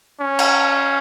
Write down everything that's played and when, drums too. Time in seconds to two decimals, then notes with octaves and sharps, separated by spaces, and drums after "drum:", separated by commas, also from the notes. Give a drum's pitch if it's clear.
0.21 C#4
0.39 drum: cymbal